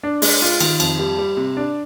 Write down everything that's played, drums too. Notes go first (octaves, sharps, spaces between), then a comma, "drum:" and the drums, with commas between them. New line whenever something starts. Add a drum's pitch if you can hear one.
D4
G#3, drum: open hi-hat
F4
D#3, drum: cymbal
F2, drum: cymbal
G3
G3
C3
D4